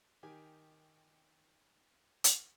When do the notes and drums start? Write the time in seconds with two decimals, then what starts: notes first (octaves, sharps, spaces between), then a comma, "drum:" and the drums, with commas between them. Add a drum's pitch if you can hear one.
0.23 D#3 G4 G#5
2.24 drum: hi-hat